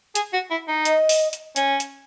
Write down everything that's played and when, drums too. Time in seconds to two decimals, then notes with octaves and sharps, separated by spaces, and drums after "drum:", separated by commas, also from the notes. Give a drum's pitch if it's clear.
0.15 G#4, drum: hi-hat
0.33 F#4
0.51 E4
0.68 D#4
0.85 D#5, drum: hi-hat
1.09 drum: open hi-hat
1.33 drum: hi-hat
1.56 C#4, drum: hi-hat
1.80 drum: hi-hat